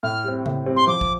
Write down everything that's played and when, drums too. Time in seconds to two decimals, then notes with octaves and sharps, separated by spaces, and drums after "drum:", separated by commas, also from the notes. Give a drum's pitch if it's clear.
0.03 A2 F6
0.24 G3 C4
0.46 A2, drum: tom C#3
0.66 G3 C4
0.76 C6
0.87 F3 D6
1.01 drum: kick